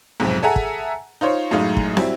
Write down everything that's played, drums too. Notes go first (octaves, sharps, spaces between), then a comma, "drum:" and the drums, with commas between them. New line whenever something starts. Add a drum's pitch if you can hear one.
B1 F2 G#2 C3
G#4 A4 E5 F#5 G#5 A#5
drum: kick
D#4 F4 C5 C#5
F#2 A2 G#3 D#4 F5
drum: kick
F#3 G3 C4 E4, drum: snare